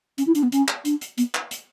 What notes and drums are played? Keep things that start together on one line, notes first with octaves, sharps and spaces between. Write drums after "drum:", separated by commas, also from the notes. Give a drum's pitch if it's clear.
C#4, drum: hi-hat
E4
D4, drum: hi-hat
B3
C#4, drum: hi-hat
drum: clap
D4, drum: hi-hat
drum: hi-hat
B3, drum: hi-hat
drum: clap
drum: hi-hat